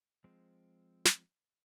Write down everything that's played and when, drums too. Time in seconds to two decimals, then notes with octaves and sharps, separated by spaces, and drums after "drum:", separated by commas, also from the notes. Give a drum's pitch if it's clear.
0.24 F3 G#3 C4
1.05 drum: snare